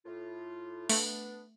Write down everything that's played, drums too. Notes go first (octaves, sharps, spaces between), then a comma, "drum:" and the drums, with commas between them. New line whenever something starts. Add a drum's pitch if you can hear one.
A2 F4
A3 B3 D4, drum: open hi-hat